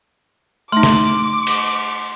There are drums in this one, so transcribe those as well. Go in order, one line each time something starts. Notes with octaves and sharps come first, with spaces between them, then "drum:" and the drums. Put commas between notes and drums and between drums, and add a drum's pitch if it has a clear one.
A3 D#4 C6 D6
drum: snare
drum: cymbal